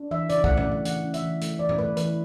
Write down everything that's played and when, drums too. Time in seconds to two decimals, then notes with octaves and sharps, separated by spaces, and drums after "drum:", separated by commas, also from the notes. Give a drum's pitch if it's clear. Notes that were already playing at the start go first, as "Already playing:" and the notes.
Already playing: D4
0.11 E3 E5
0.29 C#3 D5, drum: hi-hat
0.44 A3 F#5, drum: kick B1
0.57 D5, drum: tom A2
0.67 A3 F#5
0.85 E3 F#5, drum: hi-hat
1.04 C#4
1.14 E5, drum: hi-hat
1.23 E3
1.41 A3, drum: hi-hat
1.59 E3 D5
1.69 drum: tom A2
1.78 A3 B4
1.97 E3 B4, drum: hi-hat